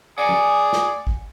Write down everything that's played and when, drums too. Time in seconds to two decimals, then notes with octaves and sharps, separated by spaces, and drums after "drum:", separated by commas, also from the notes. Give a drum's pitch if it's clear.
0.18 G#4 D5 F#5 G#5
0.29 drum: tom F3
0.73 drum: snare
1.07 drum: kick